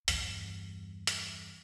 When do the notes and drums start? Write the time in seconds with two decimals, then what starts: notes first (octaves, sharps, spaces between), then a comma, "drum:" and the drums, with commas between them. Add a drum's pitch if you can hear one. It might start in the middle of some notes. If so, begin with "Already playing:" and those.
0.08 E2 G2, drum: hi-hat
1.07 drum: hi-hat